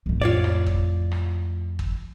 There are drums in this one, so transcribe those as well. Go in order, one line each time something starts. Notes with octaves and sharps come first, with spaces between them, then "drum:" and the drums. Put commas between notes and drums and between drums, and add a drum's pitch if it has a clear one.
F2 A2
F4 C#5 D5
drum: rim click
drum: kick
drum: rim click
drum: kick